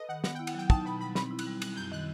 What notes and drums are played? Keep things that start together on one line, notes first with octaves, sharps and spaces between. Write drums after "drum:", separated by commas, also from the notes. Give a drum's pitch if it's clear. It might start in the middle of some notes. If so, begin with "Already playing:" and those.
Already playing: A4 B4 D#5
D#3 F#5
B3 F#5, drum: snare
E4 G5
F#5, drum: cymbal
F#3 G5
D#4 A5, drum: kick
B2 B5
G3 B5
C4 B5, drum: snare
E4
F#6, drum: cymbal
G3
G3 F#6, drum: cymbal
F#2 G6
D#3 F#6